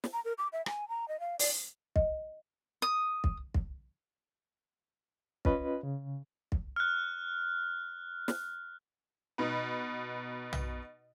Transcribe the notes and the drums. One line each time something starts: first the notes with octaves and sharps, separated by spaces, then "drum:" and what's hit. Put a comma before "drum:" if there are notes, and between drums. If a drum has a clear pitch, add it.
drum: snare
A#5
A#4
D6
E5
G#5, drum: rim click
A#5
D#5
F5
D5, drum: open hi-hat
D#5, drum: kick
D#6
drum: kick
drum: kick
C#4 F4 B4 D#5 B5, drum: kick
C#3
drum: kick
F6 F#6
drum: snare
B2 D#4 B4
drum: tom